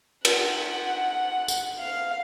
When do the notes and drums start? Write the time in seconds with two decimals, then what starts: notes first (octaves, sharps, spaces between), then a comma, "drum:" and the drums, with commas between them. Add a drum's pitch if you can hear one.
0.25 F#5, drum: cymbal
1.48 drum: tambourine
1.79 F5